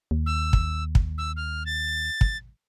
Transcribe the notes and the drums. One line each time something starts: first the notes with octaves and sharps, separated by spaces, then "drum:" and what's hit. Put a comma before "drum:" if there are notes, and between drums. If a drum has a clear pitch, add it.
D#2
E6
drum: kick
drum: kick
E6
F6
A6
drum: kick